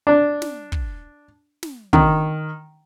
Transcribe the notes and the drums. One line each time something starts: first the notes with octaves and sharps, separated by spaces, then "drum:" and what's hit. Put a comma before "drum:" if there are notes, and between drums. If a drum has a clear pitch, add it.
D4
drum: snare
drum: kick
drum: snare
D#3, drum: kick